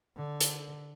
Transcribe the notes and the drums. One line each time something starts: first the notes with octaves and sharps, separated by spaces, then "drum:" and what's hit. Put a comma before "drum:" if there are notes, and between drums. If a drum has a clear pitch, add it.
D3
drum: hi-hat